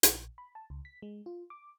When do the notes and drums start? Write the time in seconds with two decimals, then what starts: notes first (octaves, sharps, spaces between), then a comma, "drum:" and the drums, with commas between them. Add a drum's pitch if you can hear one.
0.03 A#1, drum: hi-hat
0.38 B5
0.55 A5
0.70 C#2
0.85 B6
1.02 G#3
1.26 F4
1.50 D6